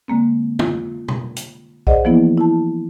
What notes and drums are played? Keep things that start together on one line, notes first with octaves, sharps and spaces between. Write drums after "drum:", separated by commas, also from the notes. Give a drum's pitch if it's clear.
D3 G#3 A#3 C4
F4, drum: tom
drum: tom B2
drum: hi-hat
G#4 C5 D5 D#5 F#5, drum: kick A#1
E3 F3 A#3 B3 E4
E4 A5